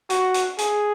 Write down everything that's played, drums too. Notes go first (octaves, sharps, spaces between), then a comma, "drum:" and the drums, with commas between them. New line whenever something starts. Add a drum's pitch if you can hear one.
F#4, drum: hi-hat
drum: hi-hat
G#4, drum: hi-hat